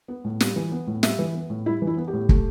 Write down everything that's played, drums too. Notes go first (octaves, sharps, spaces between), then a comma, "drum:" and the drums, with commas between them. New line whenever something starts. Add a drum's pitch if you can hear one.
B3
A2
G3, drum: snare
E3
B3
A2
G3 E5, drum: snare
E3
B3
A2
G3 E4
E3
E4
B3
G4
A2
A3, drum: kick